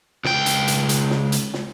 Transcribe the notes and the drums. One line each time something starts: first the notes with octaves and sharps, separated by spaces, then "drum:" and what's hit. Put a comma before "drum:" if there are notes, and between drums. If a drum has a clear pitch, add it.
C#2 G5, drum: snare
drum: hi-hat
drum: hi-hat
drum: hi-hat
drum: snare
drum: hi-hat
drum: snare